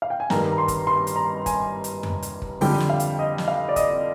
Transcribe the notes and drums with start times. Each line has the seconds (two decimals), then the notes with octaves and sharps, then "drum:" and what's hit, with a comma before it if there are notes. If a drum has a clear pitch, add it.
0.02 F5
0.10 G5
0.20 G#5
0.30 G2 D#3 G3 A#5, drum: snare
0.52 A#5
0.58 C6
0.68 drum: kick, hi-hat
0.87 C6
1.07 drum: hi-hat
1.16 A#5
1.46 G#5, drum: kick, hi-hat
1.84 drum: hi-hat
2.03 drum: tom F2
2.22 drum: hi-hat
2.42 drum: kick
2.61 F2 D3 G3 G5, drum: open hi-hat
2.80 drum: snare
2.90 F5
3.00 drum: hi-hat
3.19 D#5
3.38 drum: snare
3.48 F5
3.69 D5
3.76 D#5, drum: kick, hi-hat